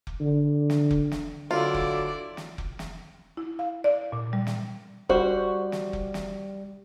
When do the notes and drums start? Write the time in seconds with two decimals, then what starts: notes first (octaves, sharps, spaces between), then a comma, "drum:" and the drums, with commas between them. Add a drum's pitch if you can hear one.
0.07 drum: kick F1
0.20 D3
0.70 drum: snare
0.91 drum: kick F1
1.12 drum: snare
1.51 D3 F#3 E4 F4 D5
1.74 drum: kick F1
2.37 drum: snare
2.58 drum: kick F1
2.79 drum: snare
3.37 E4
3.59 F5
3.84 D5
4.12 A#2
4.33 G3
4.47 drum: snare
5.09 G3 F#4 C5, drum: kick F1
5.72 drum: snare
5.93 drum: kick F1
6.14 drum: snare